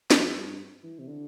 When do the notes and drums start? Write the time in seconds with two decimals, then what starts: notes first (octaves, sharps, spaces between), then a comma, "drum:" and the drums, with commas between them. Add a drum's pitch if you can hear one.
0.11 F2, drum: snare
0.35 G2
0.83 E3
0.99 C3
1.07 D3